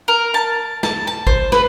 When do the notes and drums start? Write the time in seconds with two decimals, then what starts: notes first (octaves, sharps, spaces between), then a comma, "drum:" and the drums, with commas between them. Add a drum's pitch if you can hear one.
0.08 A#4
0.34 A5
0.83 A5, drum: snare
1.07 A5
1.27 C5, drum: kick
1.52 B4, drum: snare